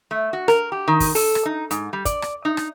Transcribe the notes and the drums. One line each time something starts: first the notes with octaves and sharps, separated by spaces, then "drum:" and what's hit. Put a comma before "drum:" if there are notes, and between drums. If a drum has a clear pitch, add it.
A3
F#4
A#4, drum: rim click
G4
D#3
drum: kick, open hi-hat
A4, drum: open hi-hat
drum: rim click
D#4
G#2, drum: hi-hat
G3
D5, drum: kick, hi-hat
drum: rim click
D#4
drum: rim click